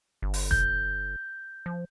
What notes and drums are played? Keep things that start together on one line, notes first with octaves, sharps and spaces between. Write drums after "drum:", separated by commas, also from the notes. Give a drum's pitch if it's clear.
G1
drum: open hi-hat
G6, drum: kick
F3